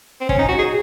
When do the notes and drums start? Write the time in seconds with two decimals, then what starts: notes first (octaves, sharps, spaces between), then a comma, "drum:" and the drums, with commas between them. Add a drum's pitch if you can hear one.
0.21 C4
0.29 C#4, drum: kick
0.39 D#4
0.48 F#4
0.59 G#4